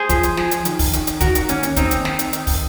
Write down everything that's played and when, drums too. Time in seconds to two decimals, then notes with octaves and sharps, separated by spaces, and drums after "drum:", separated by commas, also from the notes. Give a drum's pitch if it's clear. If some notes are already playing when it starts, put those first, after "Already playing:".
Already playing: G#4 C5
0.09 F3, drum: kick, hi-hat
0.23 drum: hi-hat
0.37 F3, drum: snare
0.51 drum: hi-hat
0.65 D#3, drum: hi-hat
0.79 drum: kick, open hi-hat
0.93 D#3, drum: hi-hat
1.07 drum: hi-hat
1.21 D#3 F#4 A#4, drum: kick, hi-hat
1.35 drum: hi-hat
1.49 A#3 C#4, drum: hi-hat
1.63 drum: hi-hat
1.76 D#3 C4 D#4, drum: kick, hi-hat
1.91 drum: hi-hat
2.05 D#3, drum: snare
2.19 drum: hi-hat
2.33 D#3, drum: hi-hat
2.47 drum: kick, open hi-hat